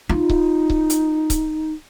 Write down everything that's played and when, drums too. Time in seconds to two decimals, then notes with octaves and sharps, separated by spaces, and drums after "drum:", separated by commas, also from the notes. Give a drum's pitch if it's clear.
0.09 D#4 F4
0.30 drum: kick C#1
0.70 drum: kick C#1
0.90 drum: hi-hat
1.30 drum: kick C#1, hi-hat